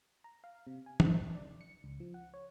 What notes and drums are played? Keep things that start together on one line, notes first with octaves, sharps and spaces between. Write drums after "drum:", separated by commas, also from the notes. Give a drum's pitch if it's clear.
A#5
F5
C3
G#5
G#1, drum: tom
A#1
D5
C#7
C#2
F3
F#5
C#5